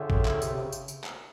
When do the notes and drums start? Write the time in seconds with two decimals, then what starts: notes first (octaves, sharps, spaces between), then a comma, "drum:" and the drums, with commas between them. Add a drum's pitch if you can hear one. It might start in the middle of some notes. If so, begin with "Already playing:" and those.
Already playing: D3 F4 G#4 C#5 E5 G5
0.10 drum: kick G#1
0.25 drum: clap
0.42 C3, drum: tambourine
0.52 C3
0.63 C#3
0.72 drum: tambourine
0.88 drum: tambourine
1.04 drum: clap